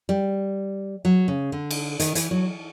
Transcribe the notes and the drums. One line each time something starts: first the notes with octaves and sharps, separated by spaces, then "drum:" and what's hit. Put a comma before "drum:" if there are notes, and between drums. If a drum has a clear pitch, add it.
G3
F#3
C#3
D3
drum: cymbal
D#3, drum: hi-hat
E3, drum: hi-hat
F#3